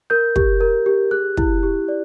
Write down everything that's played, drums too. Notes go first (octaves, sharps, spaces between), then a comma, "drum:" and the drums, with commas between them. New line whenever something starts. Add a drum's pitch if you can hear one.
A#4 G6
G4, drum: kick
A#4
G4
G#4 F#6
E4, drum: kick
G4
D5